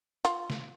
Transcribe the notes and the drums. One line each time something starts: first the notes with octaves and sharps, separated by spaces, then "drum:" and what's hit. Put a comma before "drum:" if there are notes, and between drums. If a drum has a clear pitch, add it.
F4, drum: hi-hat
drum: snare